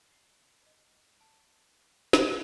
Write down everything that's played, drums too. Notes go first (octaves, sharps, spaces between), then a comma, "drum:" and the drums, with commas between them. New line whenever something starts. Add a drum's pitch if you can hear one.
C7
D#5
A5
drum: snare